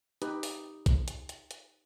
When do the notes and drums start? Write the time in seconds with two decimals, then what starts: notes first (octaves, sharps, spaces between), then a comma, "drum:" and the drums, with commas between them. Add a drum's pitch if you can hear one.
0.22 D#4 G4 B4, drum: hi-hat
0.43 drum: open hi-hat
0.86 drum: kick A#1, hi-hat
1.08 drum: hi-hat
1.29 drum: hi-hat
1.51 drum: hi-hat